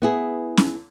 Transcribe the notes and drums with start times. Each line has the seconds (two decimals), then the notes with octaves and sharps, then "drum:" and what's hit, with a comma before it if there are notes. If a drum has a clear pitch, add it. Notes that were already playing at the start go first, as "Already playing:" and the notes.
0.02 B3 E4 G#4
0.57 drum: snare C#4